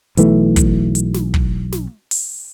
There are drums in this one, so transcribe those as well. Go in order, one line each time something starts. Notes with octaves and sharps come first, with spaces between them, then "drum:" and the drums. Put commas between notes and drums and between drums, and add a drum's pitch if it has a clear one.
B1 E3 A3, drum: hi-hat
drum: kick, hi-hat
drum: hi-hat
drum: snare
drum: kick
drum: snare
drum: open hi-hat